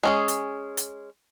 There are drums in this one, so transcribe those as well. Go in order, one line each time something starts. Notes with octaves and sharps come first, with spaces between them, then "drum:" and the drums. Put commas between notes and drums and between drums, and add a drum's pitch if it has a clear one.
G#3 C#4 G#4
drum: hi-hat
drum: hi-hat